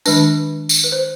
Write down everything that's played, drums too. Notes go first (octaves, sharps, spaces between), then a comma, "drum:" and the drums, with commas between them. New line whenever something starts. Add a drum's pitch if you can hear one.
D#3 G#3 D4 B4, drum: tambourine
drum: tambourine
B4
C5